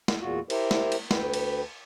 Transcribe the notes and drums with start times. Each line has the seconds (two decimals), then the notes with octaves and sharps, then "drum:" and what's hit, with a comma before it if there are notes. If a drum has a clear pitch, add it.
0.08 drum: snare
0.21 E2 A#2 F4 F#4
0.50 E4 G4 A#4 C5, drum: cymbal
0.71 drum: snare
0.92 drum: cymbal
1.11 D2 B4 G5, drum: snare
1.34 drum: cymbal